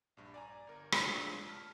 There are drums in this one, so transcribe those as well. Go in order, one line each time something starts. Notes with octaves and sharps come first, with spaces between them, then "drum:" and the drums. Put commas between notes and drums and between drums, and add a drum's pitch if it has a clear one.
A#1 G2
D5 G#5 A#5
G1 A#4
F3 A3 C4 D4 F#4, drum: rim click
F2 G#3 D4 F4 C#5 E6
A5 F6 B6